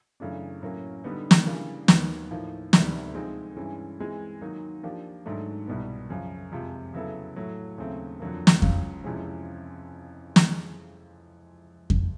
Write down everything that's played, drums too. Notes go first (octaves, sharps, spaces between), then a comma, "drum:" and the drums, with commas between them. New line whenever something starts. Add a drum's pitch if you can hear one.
F#2 C#3 E3 A3 D4
A2 F#3 A#3 C#4
D3 G3 B3 D#4
drum: snare
C#3 E3 G3 A#3 D4
D#2 D#3 F#3 B3, drum: snare
A2 F3 A#3 D#4
D2 C3 D#3 G3 B3, drum: snare
F3 G#3 C4 D#4
G2 E3 G#3 C#4
E3 G#3 C4
D#3 F#3 A#3 D#4
F3 A#3 D4 G4
G#2 D#3 F#3 A3 D4
C2 B2 G3 B3
F#2 C#3 F3
F2 C3 F3 G#3
C#3 F#3 B3 E4 A4
A2 F#3 A3
D#2 C#3 F#3 A3 C4
F2 D3 F#3 A#3
drum: snare
C#2 C#3 F#3, drum: kick F2
F2 C3 E3 G#3 C#4
drum: snare
drum: kick F2